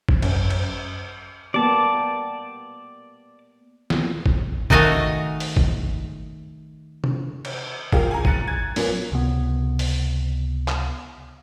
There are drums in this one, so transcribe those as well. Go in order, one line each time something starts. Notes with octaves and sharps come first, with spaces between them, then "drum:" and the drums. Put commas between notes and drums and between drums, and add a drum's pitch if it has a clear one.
drum: kick
F#2, drum: cymbal
drum: cymbal
A#3 B3 G4 D5 A5
drum: snare
drum: kick
D#3 A3 F#4 D#5 F5 G#5, drum: kick
drum: open hi-hat
drum: kick
drum: tom
drum: cymbal
F4 G4 G#4 A#4 F5, drum: kick
G#5 A#5
F#6 A6 C#7 D#7, drum: kick
G#6
F#2 A#2 F#3 A#3 B3, drum: open hi-hat
C#2 C3 B3
drum: open hi-hat
drum: clap